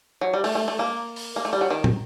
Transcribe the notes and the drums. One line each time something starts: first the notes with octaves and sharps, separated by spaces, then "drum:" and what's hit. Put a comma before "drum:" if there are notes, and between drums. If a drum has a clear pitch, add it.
F#3
G3
A3, drum: open hi-hat
A3
A3
A#3
drum: open hi-hat
A#3
A3
G3
F#3
D#3
drum: tom